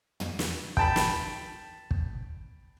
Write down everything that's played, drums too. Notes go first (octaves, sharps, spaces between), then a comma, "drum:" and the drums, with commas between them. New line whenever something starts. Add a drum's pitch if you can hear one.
drum: tom
drum: snare
G5 A5 B5, drum: kick
drum: snare
drum: kick